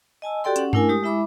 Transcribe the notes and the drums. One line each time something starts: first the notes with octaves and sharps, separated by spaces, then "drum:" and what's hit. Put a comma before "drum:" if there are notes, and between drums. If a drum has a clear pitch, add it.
D#5 G#5 A5 E6
F#4 G4 A4 D5 G5 C6
C#4 F#5, drum: hi-hat
A3 D4 E4 A#4 G#5, drum: tom G2
G#3 G4 D#6
G#3 E4 E5 B5 D6